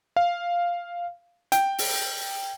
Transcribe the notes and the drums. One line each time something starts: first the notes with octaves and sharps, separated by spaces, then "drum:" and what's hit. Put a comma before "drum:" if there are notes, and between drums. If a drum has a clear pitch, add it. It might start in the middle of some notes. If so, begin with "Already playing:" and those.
F5
G5, drum: hi-hat
drum: open hi-hat